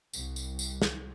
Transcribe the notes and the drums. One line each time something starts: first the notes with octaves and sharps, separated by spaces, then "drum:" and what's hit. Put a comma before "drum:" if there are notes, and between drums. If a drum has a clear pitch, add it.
C2, drum: tambourine
drum: tambourine
drum: tambourine
drum: snare